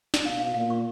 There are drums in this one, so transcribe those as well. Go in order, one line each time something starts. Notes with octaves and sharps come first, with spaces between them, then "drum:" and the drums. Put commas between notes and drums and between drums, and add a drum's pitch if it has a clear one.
drum: snare
B2 F5
F5
A#2 F5
C#6